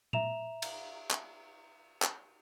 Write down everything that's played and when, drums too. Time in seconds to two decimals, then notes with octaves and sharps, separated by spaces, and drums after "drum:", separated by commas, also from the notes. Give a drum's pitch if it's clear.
0.13 E5 A#5 E7 F7, drum: tom A#2
0.62 drum: cymbal
1.11 drum: clap
2.02 drum: clap